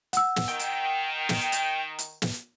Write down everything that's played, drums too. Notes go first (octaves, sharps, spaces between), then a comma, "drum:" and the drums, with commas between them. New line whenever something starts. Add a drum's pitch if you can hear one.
F#5 E6, drum: hi-hat
drum: snare
D#3 G5
drum: hi-hat
drum: snare
drum: hi-hat
drum: hi-hat
drum: snare